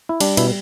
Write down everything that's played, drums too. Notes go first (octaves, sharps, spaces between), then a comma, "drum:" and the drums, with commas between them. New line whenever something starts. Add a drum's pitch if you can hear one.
E4
G3 D4, drum: cymbal
B2 E4, drum: cymbal